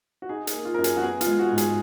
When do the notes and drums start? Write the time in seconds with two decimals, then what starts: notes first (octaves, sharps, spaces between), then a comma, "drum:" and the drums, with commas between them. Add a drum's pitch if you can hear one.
0.22 F#4
0.29 D#4 G#4
0.47 G#4, drum: hi-hat
0.53 A#3
0.65 F4
0.74 F#2 A#4
0.84 G#4, drum: hi-hat
0.97 F#4
1.03 B3 G#4
1.21 F4, drum: hi-hat
1.27 G#3
1.39 F#4
1.52 G#2
1.58 G#4, drum: hi-hat